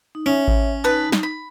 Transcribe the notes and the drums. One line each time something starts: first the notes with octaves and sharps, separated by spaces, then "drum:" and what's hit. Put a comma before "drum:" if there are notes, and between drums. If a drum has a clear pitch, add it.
D#4
C#4 C#5 E5
drum: kick A1
D#4 B4 A5
drum: snare
B5